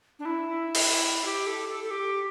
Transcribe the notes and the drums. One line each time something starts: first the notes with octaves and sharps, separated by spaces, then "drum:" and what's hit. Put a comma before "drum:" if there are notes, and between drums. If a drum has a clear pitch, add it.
D4
E4
drum: open hi-hat
G4
A4
A4
A4
G4